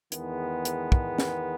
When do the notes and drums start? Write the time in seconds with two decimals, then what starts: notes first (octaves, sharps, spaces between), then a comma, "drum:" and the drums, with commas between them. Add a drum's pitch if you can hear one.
0.12 E2 D#3 G#3 B3, drum: hi-hat
0.65 drum: hi-hat
0.92 drum: kick
1.18 drum: snare